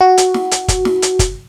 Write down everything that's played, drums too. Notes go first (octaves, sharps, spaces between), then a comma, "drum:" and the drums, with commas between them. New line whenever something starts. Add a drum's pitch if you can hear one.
F#4
drum: hi-hat
drum: snare
drum: hi-hat
drum: kick, hi-hat
drum: snare
drum: hi-hat
drum: kick, hi-hat